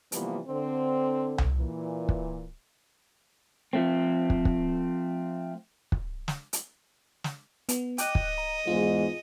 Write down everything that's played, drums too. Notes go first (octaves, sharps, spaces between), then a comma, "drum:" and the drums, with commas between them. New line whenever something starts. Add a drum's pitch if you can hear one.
C3 E3 F3 G3 A#3 B3, drum: hi-hat
D3 C4
drum: tom C2
A#2 E3
drum: kick
F3 A3 C4
drum: kick
drum: kick
drum: kick
drum: snare
drum: hi-hat
drum: snare
B3, drum: hi-hat
D#5 G5 D6 F#6, drum: hi-hat
drum: kick
A#5
E2 G#2 G#3 F4 G#4